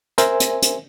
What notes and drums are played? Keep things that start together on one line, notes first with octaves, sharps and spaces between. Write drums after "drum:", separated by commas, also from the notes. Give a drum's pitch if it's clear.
A#4 C5 E5 G#5, drum: hi-hat
drum: hi-hat
drum: hi-hat